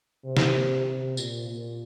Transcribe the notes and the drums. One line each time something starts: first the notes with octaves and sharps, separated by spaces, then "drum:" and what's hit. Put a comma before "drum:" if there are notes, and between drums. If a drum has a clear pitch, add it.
C3
drum: snare
C3
A#2, drum: tambourine
A#2